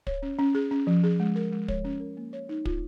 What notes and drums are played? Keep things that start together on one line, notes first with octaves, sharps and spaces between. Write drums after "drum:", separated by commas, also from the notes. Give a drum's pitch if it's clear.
C#5, drum: kick
C#4
C#4
G#4
C#4
F3
G#4
G#3
A#4
G#3
C#5, drum: kick
C#4
A#4
A#3
C#5
D#4
F4, drum: kick